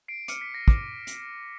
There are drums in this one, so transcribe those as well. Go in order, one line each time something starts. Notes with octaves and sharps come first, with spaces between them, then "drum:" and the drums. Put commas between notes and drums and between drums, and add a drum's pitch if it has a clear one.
C7 D7
D6 F6 C#7 D#7, drum: hi-hat
B6
A#6
D6 F6, drum: kick
drum: hi-hat